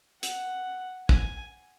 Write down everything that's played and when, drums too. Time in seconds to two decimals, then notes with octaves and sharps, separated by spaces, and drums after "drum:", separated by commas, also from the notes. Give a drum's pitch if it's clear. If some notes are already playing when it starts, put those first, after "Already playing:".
0.23 F#5, drum: hi-hat
1.09 G#5, drum: kick